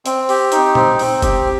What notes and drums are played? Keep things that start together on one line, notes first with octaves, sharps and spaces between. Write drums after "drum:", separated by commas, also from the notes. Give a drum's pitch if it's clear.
C4, drum: hi-hat
G4, drum: open hi-hat
D#4, drum: hi-hat
C4, drum: tom A#2
C4, drum: open hi-hat
G4, drum: kick F1, hi-hat